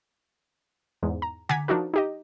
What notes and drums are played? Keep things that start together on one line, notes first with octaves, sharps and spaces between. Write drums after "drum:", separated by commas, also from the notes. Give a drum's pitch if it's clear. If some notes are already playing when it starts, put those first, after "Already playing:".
E2 G#2
A#5
F#5 G#5 A#5 D6 G#6 B6, drum: tom D3
F3 D4 D#4 F#4 A#4
D#4 G4 D#5